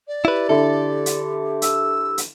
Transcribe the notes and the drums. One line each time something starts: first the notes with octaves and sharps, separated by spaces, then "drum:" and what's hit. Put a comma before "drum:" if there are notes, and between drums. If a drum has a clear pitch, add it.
D5
E4 G4 B4
D3 E4 A4
drum: hi-hat
E6, drum: hi-hat
drum: hi-hat